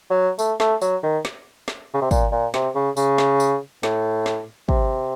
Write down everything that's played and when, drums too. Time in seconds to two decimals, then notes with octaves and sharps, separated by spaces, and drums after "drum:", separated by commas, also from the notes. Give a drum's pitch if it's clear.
0.10 F#3
0.39 A3, drum: tambourine
0.60 A3, drum: snare
0.81 F#3, drum: tambourine
1.03 D#3
1.25 drum: snare
1.68 drum: snare
1.94 C#3
2.02 C3
2.11 A#2, drum: kick, tambourine
2.32 A#2
2.54 C3, drum: snare
2.75 C#3
2.97 C#3, drum: tambourine
3.18 drum: snare
3.40 drum: tambourine
3.83 A2, drum: snare
4.26 drum: snare
4.69 C3, drum: kick